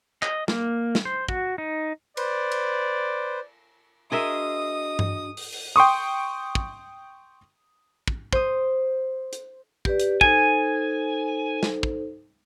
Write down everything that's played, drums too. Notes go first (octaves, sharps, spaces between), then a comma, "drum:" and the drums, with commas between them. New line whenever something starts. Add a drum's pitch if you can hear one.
D#5, drum: clap
A#3, drum: snare
drum: snare
C5
F#4, drum: kick
D#4
B4 C5 D5, drum: cymbal
drum: cymbal
D4 F#4 G#4 A#4 D#5 E5 C6 D#6
drum: tom G2
drum: open hi-hat
drum: open hi-hat
G5 C6 C#6 D#6
drum: kick
drum: kick
C5 D#6, drum: kick
drum: hi-hat
G4 B4 D5, drum: kick
drum: hi-hat
D#4 A4 C5 G#5, drum: kick
drum: snare
drum: kick